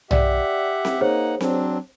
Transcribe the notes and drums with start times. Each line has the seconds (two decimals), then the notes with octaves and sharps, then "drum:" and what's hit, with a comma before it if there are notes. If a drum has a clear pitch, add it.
0.11 G4 D5 E5 F#5, drum: tom B1
0.85 drum: snare C4
1.01 A#3 D#4 G#4 C5 C#5 F#5
1.41 F#3 C4 D4, drum: snare C4